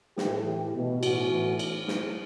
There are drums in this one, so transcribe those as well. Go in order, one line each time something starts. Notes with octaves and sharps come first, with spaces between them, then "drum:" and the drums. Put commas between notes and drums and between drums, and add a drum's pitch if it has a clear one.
A2 E3 G4, drum: snare
A2 E3 G4
B2
A2 E3 F#4, drum: cymbal
A2 E3
drum: cymbal
drum: snare